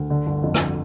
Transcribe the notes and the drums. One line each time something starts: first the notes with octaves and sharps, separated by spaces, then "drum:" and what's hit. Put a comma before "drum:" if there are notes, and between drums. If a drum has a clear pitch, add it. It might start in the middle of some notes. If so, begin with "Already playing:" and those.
Already playing: D2
D3
G1
F2
drum: rim click